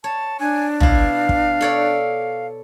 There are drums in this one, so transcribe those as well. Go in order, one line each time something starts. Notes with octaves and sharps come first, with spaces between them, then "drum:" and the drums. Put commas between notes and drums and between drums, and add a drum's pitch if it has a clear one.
C#5 A5
D4 G#5
B2 E4 F5, drum: tom
drum: kick
A4 C#5 D5